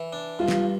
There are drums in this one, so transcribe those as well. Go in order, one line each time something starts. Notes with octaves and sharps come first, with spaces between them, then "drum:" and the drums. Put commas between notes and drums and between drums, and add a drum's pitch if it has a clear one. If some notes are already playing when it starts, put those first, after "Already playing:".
Already playing: E3
D4
G2 F4
drum: snare